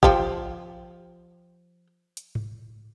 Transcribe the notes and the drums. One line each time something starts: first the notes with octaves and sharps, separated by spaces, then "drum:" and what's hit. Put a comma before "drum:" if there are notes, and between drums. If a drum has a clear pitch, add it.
F3 G4, drum: kick A1
drum: hi-hat
drum: tom G#2